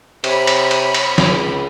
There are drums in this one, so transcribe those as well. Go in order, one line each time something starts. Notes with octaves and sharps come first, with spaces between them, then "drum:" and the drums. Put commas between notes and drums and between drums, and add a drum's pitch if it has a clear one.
C3 C#5 B5, drum: cymbal
drum: cymbal
drum: cymbal
drum: cymbal
drum: snare
C#2